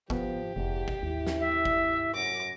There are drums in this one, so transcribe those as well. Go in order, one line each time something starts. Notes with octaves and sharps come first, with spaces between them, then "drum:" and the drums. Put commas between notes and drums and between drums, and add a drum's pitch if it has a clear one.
F3 B3 G4, drum: kick G1
F1 E2
drum: kick G1
D#2 E4
drum: snare
E5
drum: kick G1
F#2 D6 A#6